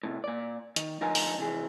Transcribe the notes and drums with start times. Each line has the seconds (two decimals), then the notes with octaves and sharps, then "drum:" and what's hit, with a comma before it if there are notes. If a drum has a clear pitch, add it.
0.03 A2 C3
0.24 A#2 D5
0.76 D#3, drum: hi-hat
1.01 D2 F3 D#4 F4 A#4 G#5
1.15 drum: open hi-hat
1.38 C3 E3 G#4